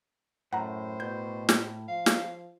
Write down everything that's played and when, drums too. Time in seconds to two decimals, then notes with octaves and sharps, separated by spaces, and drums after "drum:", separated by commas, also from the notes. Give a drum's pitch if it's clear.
0.53 F#2 A2 C5 F#5 A#5
1.00 B2 G6
1.49 drum: snare
1.88 F3 F5
2.06 drum: snare